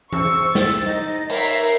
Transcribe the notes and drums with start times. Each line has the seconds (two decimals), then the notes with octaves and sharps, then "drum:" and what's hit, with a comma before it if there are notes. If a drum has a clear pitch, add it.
0.13 C5 C#6 E6, drum: tom E3
0.55 A6, drum: snare
0.85 D#4 D#5
1.29 D#4 A#4 C#5 E5 C7, drum: open hi-hat